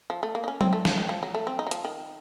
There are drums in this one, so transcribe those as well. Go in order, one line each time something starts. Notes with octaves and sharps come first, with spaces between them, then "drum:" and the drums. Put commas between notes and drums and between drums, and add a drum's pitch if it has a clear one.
F3
A3
A#3
D#4
C#4
C4, drum: tom F#3
A3
F3, drum: snare
D#3
F3
F#3
A3
C4
D#4
F#3
F3, drum: hi-hat
D#3